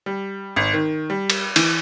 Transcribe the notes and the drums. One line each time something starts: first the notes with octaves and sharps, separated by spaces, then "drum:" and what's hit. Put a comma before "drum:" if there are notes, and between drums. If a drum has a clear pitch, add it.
G3
G#1
D#3
G3
drum: cymbal
E3, drum: cymbal